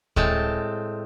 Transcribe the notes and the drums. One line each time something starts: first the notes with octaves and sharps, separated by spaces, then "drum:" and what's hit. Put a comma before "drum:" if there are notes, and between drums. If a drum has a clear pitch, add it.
A2 G#3 C4 A5, drum: kick D2